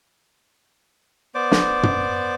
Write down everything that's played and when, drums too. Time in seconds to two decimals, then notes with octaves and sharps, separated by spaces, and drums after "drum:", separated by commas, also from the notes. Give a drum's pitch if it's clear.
1.35 B3 C5 D5 D6
1.52 drum: snare
1.83 drum: tom